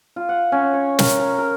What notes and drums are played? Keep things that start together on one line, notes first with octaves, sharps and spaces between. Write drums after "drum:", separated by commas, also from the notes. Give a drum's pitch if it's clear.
F4
F#5
C#4
C#5
A#4, drum: snare
A#5
A#4